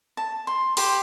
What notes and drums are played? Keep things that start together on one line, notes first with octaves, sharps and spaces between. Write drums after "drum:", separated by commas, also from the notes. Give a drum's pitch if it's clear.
A5
C6
G4 C5 C6, drum: open hi-hat